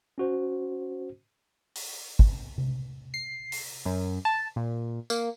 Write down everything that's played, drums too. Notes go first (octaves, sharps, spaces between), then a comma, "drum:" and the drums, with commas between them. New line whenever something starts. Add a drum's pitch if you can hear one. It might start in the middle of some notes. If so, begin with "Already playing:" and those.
C#4 F#4 C5
drum: open hi-hat
drum: kick
drum: tom C3
C7
drum: open hi-hat
F#2
A5
A#2
A#3, drum: tambourine